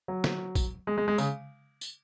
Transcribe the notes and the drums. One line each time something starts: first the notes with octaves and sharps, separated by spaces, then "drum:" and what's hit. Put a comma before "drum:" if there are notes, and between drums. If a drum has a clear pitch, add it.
F#3
drum: snare
drum: kick, tambourine
G#3
G#3
G#3
C#3, drum: tambourine
drum: tambourine